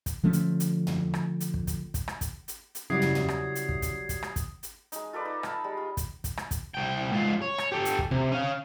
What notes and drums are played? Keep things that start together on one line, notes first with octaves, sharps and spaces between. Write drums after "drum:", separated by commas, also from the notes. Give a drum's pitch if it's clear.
drum: kick, hi-hat
D3 F3 A3 C#4
drum: hi-hat
drum: hi-hat
drum: tom
drum: rim click
drum: hi-hat
drum: kick
drum: kick, hi-hat
drum: kick, hi-hat
drum: rim click
drum: kick, hi-hat
drum: hi-hat
drum: hi-hat
C#3 F#3 G3 E4 D5 D#6 G#6 C7
drum: tom
drum: tom
drum: rim click
drum: hi-hat
drum: kick
drum: kick, hi-hat
drum: kick, hi-hat
drum: rim click
drum: kick, hi-hat
drum: hi-hat
G#3 D#4, drum: hi-hat
F4 A4 B4 D5
D#4
F5 A5 B5, drum: rim click
G3 G#3
F4
drum: kick, hi-hat
drum: kick, hi-hat
drum: rim click
drum: kick, hi-hat
C2 G5
G#2 F4
C#5
drum: rim click
G4 A4
drum: hi-hat
drum: kick
C3, drum: kick
C#4 F5